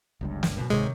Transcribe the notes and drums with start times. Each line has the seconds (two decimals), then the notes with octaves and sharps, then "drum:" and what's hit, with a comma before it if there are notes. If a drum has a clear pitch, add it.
0.21 G1 C#2 G2
0.43 drum: snare
0.57 F#2 B2
0.70 D1 G#2 C3 D#3 G#3 C#5